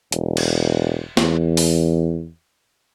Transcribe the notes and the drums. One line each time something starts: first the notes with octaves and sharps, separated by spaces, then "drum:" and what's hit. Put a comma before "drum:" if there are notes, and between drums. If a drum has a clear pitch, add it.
E1, drum: hi-hat
drum: cymbal
E2, drum: snare
drum: open hi-hat